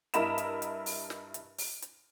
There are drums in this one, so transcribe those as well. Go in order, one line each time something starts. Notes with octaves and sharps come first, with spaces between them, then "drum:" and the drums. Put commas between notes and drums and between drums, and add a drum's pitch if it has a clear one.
G2 E4 A#4 D#5 B5 E7, drum: hi-hat
drum: hi-hat
drum: hi-hat
drum: open hi-hat
drum: snare
drum: hi-hat
drum: open hi-hat
drum: hi-hat